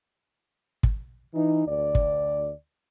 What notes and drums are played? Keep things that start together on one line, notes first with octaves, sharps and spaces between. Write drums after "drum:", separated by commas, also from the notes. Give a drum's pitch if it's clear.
drum: kick
E3 D#4
D2 D5
drum: kick